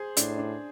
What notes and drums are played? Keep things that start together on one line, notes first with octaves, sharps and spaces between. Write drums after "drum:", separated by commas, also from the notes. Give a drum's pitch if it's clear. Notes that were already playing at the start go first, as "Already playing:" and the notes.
Already playing: G#4 C5
A2 D4, drum: hi-hat
D4